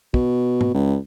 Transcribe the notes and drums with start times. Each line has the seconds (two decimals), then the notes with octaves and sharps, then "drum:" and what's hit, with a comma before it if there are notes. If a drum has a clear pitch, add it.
0.14 B2, drum: kick
0.61 drum: tom G#2
0.74 C#2